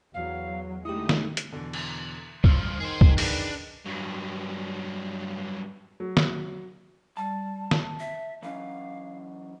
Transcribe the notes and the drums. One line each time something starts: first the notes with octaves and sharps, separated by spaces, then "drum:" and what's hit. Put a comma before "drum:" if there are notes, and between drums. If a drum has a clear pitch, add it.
E2 F#3 F5
D3 G#3 A3 D#4 E4 G4 D#6
drum: snare
drum: hi-hat
E2 B2 D3
drum: cymbal
G2 F3 E6 F6 A6, drum: kick
D#3 G#4 C5
drum: kick
D4 G#4 B4 A5, drum: open hi-hat
G2 F#3
F#3
drum: snare
G3 A5
drum: snare
E5
E3 F#3 C#4 F5